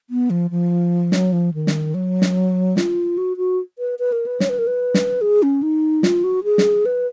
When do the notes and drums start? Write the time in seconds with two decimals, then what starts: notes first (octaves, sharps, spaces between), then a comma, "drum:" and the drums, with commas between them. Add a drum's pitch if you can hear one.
0.10 B3
0.30 F3
0.51 F3
1.12 F#3, drum: snare
1.32 F3
1.54 D#3
1.67 drum: snare
1.94 F#3
2.22 drum: snare
2.77 F4, drum: snare
3.18 F#4
3.37 F#4
3.79 B4
3.99 B4
4.12 A#4
4.26 B4
4.40 C#5, drum: snare
4.49 B4
4.59 A#4
4.67 B4
4.94 drum: snare
5.21 G#4
5.43 C#4
5.62 D#4
6.03 F4, drum: snare
6.24 F#4
6.44 G#4
6.58 drum: snare
6.86 B4